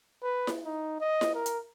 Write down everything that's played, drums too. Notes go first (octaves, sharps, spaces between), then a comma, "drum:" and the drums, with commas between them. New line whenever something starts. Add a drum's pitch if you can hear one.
B4
drum: snare E4
D#4
D#5
drum: snare E4
A#4
drum: hi-hat